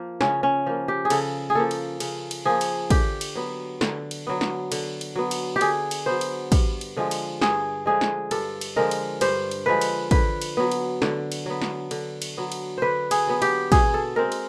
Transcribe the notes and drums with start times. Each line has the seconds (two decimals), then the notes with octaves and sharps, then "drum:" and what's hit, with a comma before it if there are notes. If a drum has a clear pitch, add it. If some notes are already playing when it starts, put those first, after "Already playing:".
Already playing: F3 A#3
0.21 C#3 C#4, drum: snare
0.43 C#4
0.66 F3 A#3
0.88 G4
1.05 G#4
1.10 C#3 A4, drum: cymbal
1.50 G#4
1.55 F3 A#3 A4
1.71 drum: cymbal
2.00 C#3, drum: cymbal
2.31 drum: cymbal
2.45 F3 A#3 G#4
2.61 drum: cymbal
2.90 D3 G4, drum: kick, cymbal
3.21 drum: cymbal
3.35 F#3 B3
3.81 D3, drum: snare
4.11 drum: cymbal
4.27 F#3 B3
4.41 drum: snare
4.72 D3, drum: cymbal
5.01 drum: cymbal
5.16 F#3 B3
5.31 drum: cymbal
5.56 G4
5.61 D3 G#4, drum: cymbal
5.91 drum: cymbal
6.06 F#3 B3 C5
6.21 drum: cymbal
6.52 G2, drum: kick, cymbal
6.81 drum: cymbal
6.97 D3 F3 G#3
7.11 drum: cymbal
7.42 G2 G#4, drum: snare
7.86 D3 F3 G#3 G#4
8.01 drum: snare
8.31 G2 A4, drum: cymbal
8.61 drum: cymbal
8.76 D3 F3 G#3 A#4
8.91 drum: cymbal
9.21 G2 C5, drum: cymbal
9.51 drum: cymbal
9.66 D3 F3 G#3 B4
9.81 drum: cymbal
10.11 D3 B4, drum: kick, cymbal
10.41 drum: cymbal
10.57 F#3 B3
10.72 drum: cymbal
11.02 D3, drum: snare
11.32 drum: cymbal
11.46 F#3 B3
11.62 drum: snare
11.91 D3, drum: cymbal
12.22 drum: cymbal
12.37 F#3 B3
12.52 drum: cymbal
12.78 D3 B4 C5
13.11 G#4, drum: cymbal
13.27 F#3 B3
13.42 G4, drum: cymbal
13.72 B2 G#4, drum: kick, cymbal
13.94 A4
14.16 G#3 C4 A#4
14.32 drum: cymbal